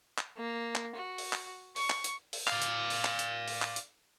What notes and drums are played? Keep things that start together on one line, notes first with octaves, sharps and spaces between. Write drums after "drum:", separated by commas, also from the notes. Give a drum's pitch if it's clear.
drum: clap
A#3
drum: clap
F#4
drum: open hi-hat
drum: clap
C#6, drum: open hi-hat
drum: clap
drum: hi-hat
drum: open hi-hat
D5 F5, drum: clap
drum: hi-hat
drum: open hi-hat
drum: clap
drum: hi-hat
drum: open hi-hat
drum: clap
drum: hi-hat